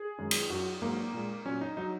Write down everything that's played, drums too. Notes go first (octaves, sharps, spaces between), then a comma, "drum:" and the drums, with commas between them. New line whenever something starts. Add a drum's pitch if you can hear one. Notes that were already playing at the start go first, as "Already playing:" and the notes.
Already playing: G#4
F#2 D#3 G#3
drum: cymbal
F#2 F#3 F#4
G#2 F#3 A#3
A#2 G#3
A#2 F#3 C#4
D#4
F#3 D#4